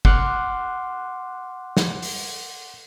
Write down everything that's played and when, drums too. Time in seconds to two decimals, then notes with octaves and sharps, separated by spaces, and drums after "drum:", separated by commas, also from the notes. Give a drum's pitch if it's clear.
0.05 F#5 C6 D6 F6 F#6, drum: kick
1.77 drum: snare
2.02 drum: open hi-hat